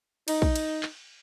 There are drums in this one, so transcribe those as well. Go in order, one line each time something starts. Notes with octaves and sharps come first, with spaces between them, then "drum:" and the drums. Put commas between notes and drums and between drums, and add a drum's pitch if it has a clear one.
D#4, drum: cymbal
drum: kick
drum: cymbal
drum: clap